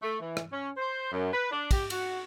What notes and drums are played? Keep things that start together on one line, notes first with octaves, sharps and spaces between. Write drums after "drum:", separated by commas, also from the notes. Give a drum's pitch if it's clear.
A3
E3
drum: rim click
C#4
C5
F#2
B4
D4
G4, drum: kick, cymbal
F#4, drum: cymbal